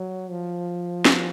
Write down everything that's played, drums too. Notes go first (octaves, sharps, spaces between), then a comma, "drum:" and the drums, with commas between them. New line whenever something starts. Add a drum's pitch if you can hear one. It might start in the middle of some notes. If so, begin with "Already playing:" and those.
Already playing: F#3
F3
drum: snare